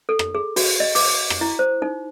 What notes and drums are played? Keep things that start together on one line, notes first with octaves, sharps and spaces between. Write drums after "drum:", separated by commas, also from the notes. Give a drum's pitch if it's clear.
A4
drum: rim click
G#4
F#4, drum: open hi-hat
D#5
D6, drum: open hi-hat
drum: rim click
E4
C5
D#4